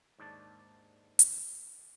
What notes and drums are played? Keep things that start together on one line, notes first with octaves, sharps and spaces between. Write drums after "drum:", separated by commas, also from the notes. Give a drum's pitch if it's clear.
D#2 G#2 D4 D5 A5
drum: hi-hat